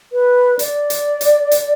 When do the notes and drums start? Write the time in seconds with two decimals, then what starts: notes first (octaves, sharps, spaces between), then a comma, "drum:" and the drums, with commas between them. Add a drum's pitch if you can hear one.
0.13 B4
0.59 D5, drum: hi-hat
0.90 drum: hi-hat
1.21 drum: hi-hat
1.51 drum: hi-hat